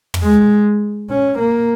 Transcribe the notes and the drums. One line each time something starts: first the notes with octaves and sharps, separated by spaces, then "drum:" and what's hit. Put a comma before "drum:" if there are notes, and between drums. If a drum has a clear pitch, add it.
drum: tom
G#3
C#4
A#3